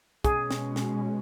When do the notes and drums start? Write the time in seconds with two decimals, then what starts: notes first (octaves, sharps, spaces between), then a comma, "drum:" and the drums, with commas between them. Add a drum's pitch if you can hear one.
0.24 B2 G#3 C#4 G#4, drum: kick, hi-hat
0.51 drum: snare
0.76 drum: snare